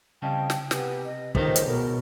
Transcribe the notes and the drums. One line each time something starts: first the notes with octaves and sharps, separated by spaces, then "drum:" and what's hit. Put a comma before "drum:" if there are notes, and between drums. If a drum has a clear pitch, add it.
C#3 G3 C4 D#5 F5 G5 A5
drum: snare
C3 B3 G4 G#5, drum: snare
D#5
C#2 D#3 A3 D#4 G4 C5, drum: kick
drum: hi-hat
B2 A#4